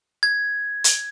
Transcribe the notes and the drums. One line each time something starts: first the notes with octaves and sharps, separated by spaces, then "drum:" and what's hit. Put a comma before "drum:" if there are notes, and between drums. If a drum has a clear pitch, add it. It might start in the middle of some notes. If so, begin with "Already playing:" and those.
G#6
drum: hi-hat